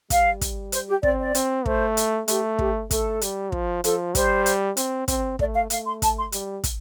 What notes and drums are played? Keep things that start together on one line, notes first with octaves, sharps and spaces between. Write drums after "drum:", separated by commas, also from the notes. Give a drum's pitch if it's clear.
G3 F5, drum: kick, hi-hat
drum: kick, hi-hat
C5, drum: hi-hat
G4
C4 D5, drum: kick
D5
C4, drum: hi-hat
A3 C5, drum: kick
drum: hi-hat
A3 G4, drum: hi-hat
G4, drum: kick
A3 A4, drum: kick, hi-hat
G3, drum: hi-hat
F3, drum: kick
F3 A4, drum: hi-hat
G3 C5, drum: kick, hi-hat
drum: hi-hat
C4, drum: hi-hat
C4, drum: kick, hi-hat
A3 D5, drum: kick
F5
A3 F5, drum: hi-hat
C6
A5, drum: kick, hi-hat
C6
G3, drum: hi-hat
drum: kick, hi-hat